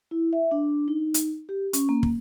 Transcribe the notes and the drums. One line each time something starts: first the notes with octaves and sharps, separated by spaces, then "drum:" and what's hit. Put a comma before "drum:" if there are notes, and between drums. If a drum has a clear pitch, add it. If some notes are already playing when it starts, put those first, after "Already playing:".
E4
E5
D4
D#4
drum: hi-hat
G4
C#4, drum: hi-hat
A#3
drum: kick